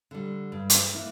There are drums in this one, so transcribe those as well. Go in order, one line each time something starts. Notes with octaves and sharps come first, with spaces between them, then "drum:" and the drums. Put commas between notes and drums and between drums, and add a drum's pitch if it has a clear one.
D3 G3
G2
drum: hi-hat
E3 A#3 E4